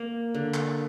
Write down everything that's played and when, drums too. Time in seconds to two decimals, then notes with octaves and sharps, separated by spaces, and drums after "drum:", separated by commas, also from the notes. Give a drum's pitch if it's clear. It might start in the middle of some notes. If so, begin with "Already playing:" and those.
Already playing: A#3
0.34 D3
0.54 drum: clap